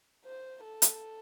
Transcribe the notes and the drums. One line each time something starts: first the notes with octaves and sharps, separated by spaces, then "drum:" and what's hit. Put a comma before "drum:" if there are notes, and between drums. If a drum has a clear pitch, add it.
C5
A4
drum: hi-hat